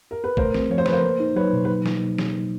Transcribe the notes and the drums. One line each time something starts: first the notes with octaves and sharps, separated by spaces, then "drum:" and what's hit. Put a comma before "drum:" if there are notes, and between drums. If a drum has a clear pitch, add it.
A#4
B4
A3 A#4 C5, drum: kick
C4, drum: snare
F3 C#5
C5
C#3 B4, drum: snare
A#4 C5
A#3
D#4
F#3 B4 C#5
B2
B4
drum: snare
drum: snare